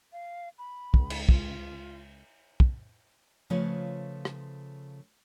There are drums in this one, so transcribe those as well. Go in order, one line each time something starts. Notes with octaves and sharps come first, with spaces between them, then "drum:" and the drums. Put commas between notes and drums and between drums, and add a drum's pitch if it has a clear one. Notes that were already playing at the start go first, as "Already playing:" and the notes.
F5
B5
C#2, drum: kick
drum: cymbal
F4, drum: kick
drum: kick
C#3 F3 A3 F4 B4 C#5
drum: rim click